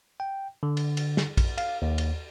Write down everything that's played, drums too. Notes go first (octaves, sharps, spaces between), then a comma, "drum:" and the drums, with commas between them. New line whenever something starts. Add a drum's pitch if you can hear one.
G5
D3
drum: cymbal
drum: cymbal
drum: snare
drum: kick A#1, cymbal
F5, drum: cymbal
D#2
drum: cymbal